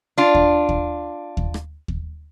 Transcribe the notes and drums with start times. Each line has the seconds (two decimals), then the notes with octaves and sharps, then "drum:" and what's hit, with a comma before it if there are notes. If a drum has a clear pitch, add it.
0.18 D4 F4
0.35 drum: kick D#2
0.69 drum: kick D#2
1.37 drum: kick D#2
1.54 drum: rim click
1.88 drum: kick D#2